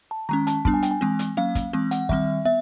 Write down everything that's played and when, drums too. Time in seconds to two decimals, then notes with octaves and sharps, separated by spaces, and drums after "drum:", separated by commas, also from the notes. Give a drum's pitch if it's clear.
0.11 A5
0.29 D#3 G#3 C#4 A#5
0.47 A5, drum: hi-hat
0.65 G3 B3 D4 A5, drum: kick
0.74 G#5
0.83 G5, drum: hi-hat
0.91 G#5
1.01 E3 G#3 C4
1.19 drum: hi-hat
1.37 F#3 A#3 C#4 F5
1.55 drum: kick, hi-hat
1.73 E3 G#3 C4
1.91 F#5, drum: hi-hat
2.09 D#3 G3 C4 E5, drum: kick
2.45 B3 E5